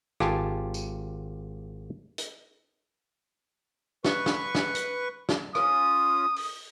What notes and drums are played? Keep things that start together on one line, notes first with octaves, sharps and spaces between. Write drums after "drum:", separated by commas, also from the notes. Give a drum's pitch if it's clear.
G#1 F4 G4 G#5 A5, drum: rim click
drum: tambourine
drum: hi-hat
B4 C#6, drum: snare
drum: snare
drum: snare
drum: hi-hat
drum: snare
C#4 F4 D#6, drum: rim click
drum: open hi-hat